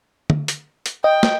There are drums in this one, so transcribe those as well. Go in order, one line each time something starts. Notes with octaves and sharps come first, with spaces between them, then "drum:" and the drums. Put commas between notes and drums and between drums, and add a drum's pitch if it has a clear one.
drum: tom
drum: hi-hat
drum: hi-hat
D#5 G5
drum: snare